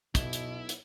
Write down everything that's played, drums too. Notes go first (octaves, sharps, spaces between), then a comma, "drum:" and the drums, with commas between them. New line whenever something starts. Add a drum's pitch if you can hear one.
B1 B2 E4, drum: kick, hi-hat
drum: hi-hat
drum: hi-hat